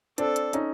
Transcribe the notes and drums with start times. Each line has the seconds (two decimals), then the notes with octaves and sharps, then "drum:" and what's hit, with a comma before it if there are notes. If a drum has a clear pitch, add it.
0.18 C4 D4 A4, drum: hi-hat
0.36 drum: hi-hat
0.53 C#4 D#4, drum: hi-hat